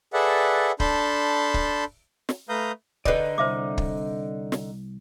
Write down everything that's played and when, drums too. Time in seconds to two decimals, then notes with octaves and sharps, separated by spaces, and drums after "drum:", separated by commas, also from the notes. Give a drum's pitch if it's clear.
0.13 G#4 A4 B4 D5 E5 F#5
0.80 D4 A4 A5 B5 C6 G6, drum: kick
1.54 drum: kick
2.29 drum: snare
2.49 A3 B4 F5 A#5 D#6 G6
3.05 D3 D#4 G#4 B4 D5, drum: kick
3.38 C2 C5 E5 D6
3.78 drum: kick
4.52 drum: snare